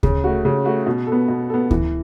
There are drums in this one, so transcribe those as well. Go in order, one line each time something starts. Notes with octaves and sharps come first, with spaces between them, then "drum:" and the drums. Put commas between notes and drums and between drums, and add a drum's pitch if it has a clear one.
C#3, drum: kick D2
A3 F#4
C#3
A3 F#4
B2
A4
B3
B2
B3 A4
E3, drum: kick D2